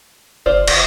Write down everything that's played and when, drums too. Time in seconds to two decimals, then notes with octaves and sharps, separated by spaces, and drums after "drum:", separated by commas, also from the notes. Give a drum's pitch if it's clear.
0.46 F#1 F4 C5 D5
0.68 F1, drum: cymbal